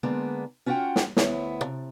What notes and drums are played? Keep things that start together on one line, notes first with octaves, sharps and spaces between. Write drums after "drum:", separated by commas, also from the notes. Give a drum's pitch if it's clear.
D3 G#3 A#3 B3 D4
C#4 F4 F#4 D5 F#5 G5
drum: snare
D2 B3 E4 C#5, drum: snare
C3